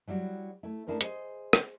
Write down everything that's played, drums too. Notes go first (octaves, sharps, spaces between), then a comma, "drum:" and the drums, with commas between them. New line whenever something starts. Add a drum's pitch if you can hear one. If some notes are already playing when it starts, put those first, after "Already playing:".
F#3 G3 E4 F#4
A3 E4
A3 C4 D4 E4 G#4 A#4
G#4 C5 D#5, drum: hi-hat
drum: rim click